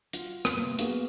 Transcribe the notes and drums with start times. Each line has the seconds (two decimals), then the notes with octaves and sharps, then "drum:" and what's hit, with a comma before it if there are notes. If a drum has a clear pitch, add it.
0.13 F4 F#4, drum: hi-hat
0.45 drum: rim click
0.55 C3 A#3 B3
0.79 A#3 B3 F#4 G#4 A#4, drum: hi-hat